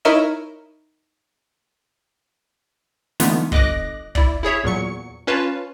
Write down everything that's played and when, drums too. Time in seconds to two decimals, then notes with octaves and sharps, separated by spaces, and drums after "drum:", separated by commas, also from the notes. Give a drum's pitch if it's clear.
0.05 D#4 E4 A#4 C#5 D#5 E5
3.20 D3 E3 A3 B3 D#4 F4, drum: snare
3.52 G1 D#5 D6 F#6 A#6, drum: kick
4.15 E4 D5, drum: kick
4.43 E4 G#4 C#5 E5
4.64 E2 A#2 F#3 C#6 C#7
5.27 C#4 F4 B4 C#5 F5 A5